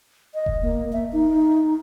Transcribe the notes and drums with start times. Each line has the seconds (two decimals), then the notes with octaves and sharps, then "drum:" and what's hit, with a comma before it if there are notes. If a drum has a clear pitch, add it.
0.34 D#5
0.46 drum: kick E1
0.63 A#3
0.93 E5
1.13 D#4